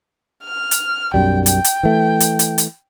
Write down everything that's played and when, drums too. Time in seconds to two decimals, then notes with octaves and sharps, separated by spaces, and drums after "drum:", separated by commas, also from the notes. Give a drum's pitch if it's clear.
0.45 F6
0.71 drum: hi-hat
1.14 B1 F#2 G3 G5
1.46 G5, drum: hi-hat
1.64 drum: hi-hat
1.83 E3 A3
2.20 drum: hi-hat
2.39 drum: hi-hat
2.58 drum: hi-hat